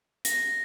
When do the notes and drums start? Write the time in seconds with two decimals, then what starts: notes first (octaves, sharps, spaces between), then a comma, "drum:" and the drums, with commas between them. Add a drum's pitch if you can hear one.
0.25 A#6, drum: hi-hat